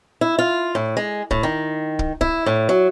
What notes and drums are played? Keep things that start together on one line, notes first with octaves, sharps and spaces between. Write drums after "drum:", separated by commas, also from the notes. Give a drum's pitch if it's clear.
E4
F4
A2
G#3
A2, drum: kick
D#3
drum: kick
E4, drum: kick
A2
F#3